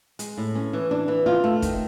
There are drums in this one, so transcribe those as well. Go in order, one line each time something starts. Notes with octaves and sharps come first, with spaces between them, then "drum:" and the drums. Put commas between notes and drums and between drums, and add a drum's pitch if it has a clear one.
G#3, drum: hi-hat
A2
C#4
E3
D4
E3
F4
A3
D#3, drum: kick, hi-hat